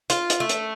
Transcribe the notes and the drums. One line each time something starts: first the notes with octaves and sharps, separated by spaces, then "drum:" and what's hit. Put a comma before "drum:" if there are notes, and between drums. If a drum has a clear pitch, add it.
F4, drum: hi-hat
drum: hi-hat
A3
drum: hi-hat